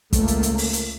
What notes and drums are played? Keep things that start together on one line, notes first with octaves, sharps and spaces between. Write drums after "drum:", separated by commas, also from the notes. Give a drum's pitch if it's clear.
C#2 A3 A#3, drum: kick, hi-hat
drum: hi-hat
drum: hi-hat
drum: open hi-hat
drum: hi-hat